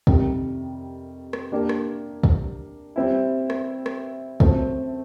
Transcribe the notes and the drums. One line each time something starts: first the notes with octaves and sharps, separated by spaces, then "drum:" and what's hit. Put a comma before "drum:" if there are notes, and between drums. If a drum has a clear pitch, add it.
F2 C3 D#3 G3, drum: kick
drum: rim click
A#3 D4 G4 A#4 D5
drum: rim click
drum: kick
G3 C4 E4
drum: rim click
drum: rim click
F#3 A3 C4, drum: kick